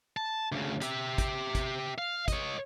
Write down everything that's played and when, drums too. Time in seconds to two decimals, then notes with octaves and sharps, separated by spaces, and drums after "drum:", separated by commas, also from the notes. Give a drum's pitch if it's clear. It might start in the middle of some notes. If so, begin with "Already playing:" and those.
0.17 A5
0.52 D2 C#3
0.82 G4 E5, drum: hi-hat
1.18 drum: kick, hi-hat
1.55 drum: kick, hi-hat
1.98 F5
2.28 C#5 D#5, drum: kick, hi-hat